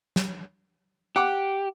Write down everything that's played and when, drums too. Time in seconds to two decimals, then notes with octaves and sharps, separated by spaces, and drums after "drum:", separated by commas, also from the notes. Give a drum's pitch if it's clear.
0.16 drum: snare
1.16 G4 F#5 D6